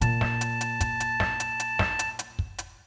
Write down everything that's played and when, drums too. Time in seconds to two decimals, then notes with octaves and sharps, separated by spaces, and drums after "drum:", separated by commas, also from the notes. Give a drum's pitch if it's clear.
0.01 A#2 A5, drum: hi-hat
0.21 drum: snare
0.41 drum: hi-hat
0.61 drum: hi-hat
0.81 drum: kick, hi-hat
1.00 drum: hi-hat
1.20 drum: snare
1.40 drum: hi-hat
1.60 drum: hi-hat
1.79 drum: snare
1.99 drum: hi-hat
2.19 drum: hi-hat
2.39 drum: kick
2.58 drum: hi-hat